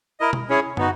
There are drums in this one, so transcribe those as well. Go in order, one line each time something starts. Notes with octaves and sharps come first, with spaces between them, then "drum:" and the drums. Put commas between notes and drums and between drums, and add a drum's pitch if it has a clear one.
E4 A#4 D#5
drum: tom B2
C#4 E4 G#4 C#5
B3 D#4 F#4, drum: tom